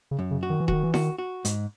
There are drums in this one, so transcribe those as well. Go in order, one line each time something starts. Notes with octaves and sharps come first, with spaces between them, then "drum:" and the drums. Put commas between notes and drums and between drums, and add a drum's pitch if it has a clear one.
C#3
F#2
C#3
F#4
D#3
E3
D#3 F#4, drum: kick D#1
E3
D#3 F#4, drum: snare E4
F#4
G#2, drum: hi-hat